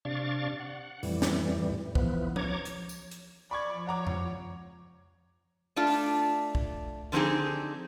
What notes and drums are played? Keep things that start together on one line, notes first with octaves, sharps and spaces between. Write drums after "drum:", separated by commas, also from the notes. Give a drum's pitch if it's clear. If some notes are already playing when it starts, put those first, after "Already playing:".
C3 D4 D5 F5 C#6 A6
F#5
F2 A2 E3 G3, drum: open hi-hat
drum: snare
E3 F3 B3, drum: kick
C#5 A#5 D6 G#6, drum: tom F3
drum: hi-hat
drum: tambourine
drum: hi-hat
F3 D5 B5 C#6 G#6
C#5 F#5 A#5 D6
drum: tom F2
A3 D4 F4
drum: open hi-hat
drum: kick
D3 F3 C4 D#4 G4 G#4